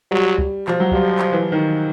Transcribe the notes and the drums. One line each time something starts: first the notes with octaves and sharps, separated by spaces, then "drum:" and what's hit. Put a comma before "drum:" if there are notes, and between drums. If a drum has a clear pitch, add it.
F#3 G3
drum: kick C#2
F3, drum: clap
F#3
F3 G3, drum: kick C#2
drum: clap
E3
D#3